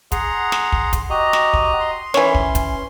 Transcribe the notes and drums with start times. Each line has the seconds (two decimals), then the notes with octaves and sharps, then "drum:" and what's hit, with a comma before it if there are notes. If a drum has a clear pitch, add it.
0.12 G#4 F#5 A#5 C6, drum: kick, hi-hat
0.52 drum: snare
0.72 drum: kick
0.93 drum: kick, hi-hat
1.10 F#4 G4 D#5 A#5
1.33 drum: snare
1.54 drum: kick
1.80 C6
2.14 E3 C#4 C#5, drum: snare
2.35 drum: kick
2.55 drum: kick, hi-hat